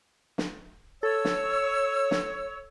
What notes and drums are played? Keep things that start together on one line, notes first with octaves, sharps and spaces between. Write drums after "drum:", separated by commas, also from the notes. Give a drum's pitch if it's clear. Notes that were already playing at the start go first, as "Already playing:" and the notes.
drum: snare
A4 C#5 E6
drum: snare
drum: snare